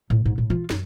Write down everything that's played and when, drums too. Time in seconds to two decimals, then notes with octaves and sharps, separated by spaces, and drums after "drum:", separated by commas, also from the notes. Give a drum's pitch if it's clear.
0.10 A2
0.26 G#2
0.38 A2
0.50 F4, drum: tom E3
0.70 F#2, drum: snare